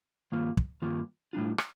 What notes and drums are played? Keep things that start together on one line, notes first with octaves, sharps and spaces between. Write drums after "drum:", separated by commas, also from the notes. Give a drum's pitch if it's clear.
G2 D#3 A#3 F4
drum: kick
G2 D#3 A#3 F4
A2 G3 D4 F4
drum: rim click